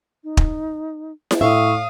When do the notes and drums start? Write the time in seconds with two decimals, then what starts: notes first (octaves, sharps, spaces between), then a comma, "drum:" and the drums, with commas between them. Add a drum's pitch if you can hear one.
0.24 D#4
0.37 drum: kick
1.31 drum: snare E4
1.41 A2 E5 F5 C#6 D#6